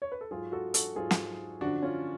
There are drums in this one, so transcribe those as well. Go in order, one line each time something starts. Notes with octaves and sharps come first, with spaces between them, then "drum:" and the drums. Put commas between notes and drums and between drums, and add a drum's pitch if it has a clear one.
C#5
B4
A4
G#2 F#3 F4 G#4
F#4 A4
F#4 A4, drum: hi-hat
G#2 F#3 F4 G#4
drum: snare
F#2 D3 F3 D4 F#4
C#4 F4